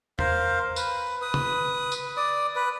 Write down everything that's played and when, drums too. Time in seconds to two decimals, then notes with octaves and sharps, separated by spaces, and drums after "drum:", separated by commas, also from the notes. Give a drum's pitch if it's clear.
0.19 A#4 C5 F5, drum: tom E2
0.76 B4, drum: tambourine
1.22 B4 D#6
1.34 drum: tom
1.92 drum: tambourine
2.17 D5 D#6
2.56 B4